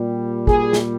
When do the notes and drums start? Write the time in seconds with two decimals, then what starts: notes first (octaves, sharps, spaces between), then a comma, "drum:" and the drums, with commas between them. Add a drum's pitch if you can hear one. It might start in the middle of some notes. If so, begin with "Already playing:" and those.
Already playing: A#2 G3
0.47 G#4, drum: kick
0.73 drum: snare